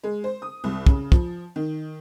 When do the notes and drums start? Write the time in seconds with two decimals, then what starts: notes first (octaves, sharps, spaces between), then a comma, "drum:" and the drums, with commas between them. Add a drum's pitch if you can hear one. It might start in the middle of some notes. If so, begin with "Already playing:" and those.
0.04 G#3
0.24 C5
0.42 D#6
0.64 C2
0.87 C#3, drum: kick
1.12 F3, drum: kick
1.56 D#3